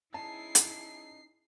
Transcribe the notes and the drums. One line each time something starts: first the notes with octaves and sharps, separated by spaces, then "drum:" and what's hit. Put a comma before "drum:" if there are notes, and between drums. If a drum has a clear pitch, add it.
C#4 D#4 E4 G#4 A5 C7
drum: hi-hat